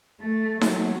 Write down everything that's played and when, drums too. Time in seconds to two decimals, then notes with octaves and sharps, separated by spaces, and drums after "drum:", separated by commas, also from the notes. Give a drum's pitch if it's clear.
0.21 A3
0.61 F#3, drum: snare D#4